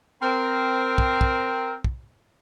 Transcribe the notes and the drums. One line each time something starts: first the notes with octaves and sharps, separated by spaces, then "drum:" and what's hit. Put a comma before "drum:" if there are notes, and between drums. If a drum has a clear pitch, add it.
C4 A#4
drum: kick
drum: kick
drum: kick